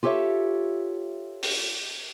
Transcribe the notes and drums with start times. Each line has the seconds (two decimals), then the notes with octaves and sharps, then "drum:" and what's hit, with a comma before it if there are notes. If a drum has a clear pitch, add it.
0.03 F4 G4 A4 C#5 E5
1.43 drum: open hi-hat